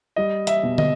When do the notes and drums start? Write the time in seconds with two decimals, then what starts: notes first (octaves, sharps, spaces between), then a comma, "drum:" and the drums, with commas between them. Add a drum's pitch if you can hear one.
0.16 G3 D#5
0.47 E5, drum: hi-hat
0.63 B2
0.78 D#5, drum: tom